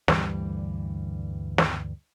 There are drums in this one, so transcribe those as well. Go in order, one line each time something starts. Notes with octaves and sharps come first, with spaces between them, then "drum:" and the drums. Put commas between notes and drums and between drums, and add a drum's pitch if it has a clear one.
D2 G2 E3 G3, drum: snare
drum: snare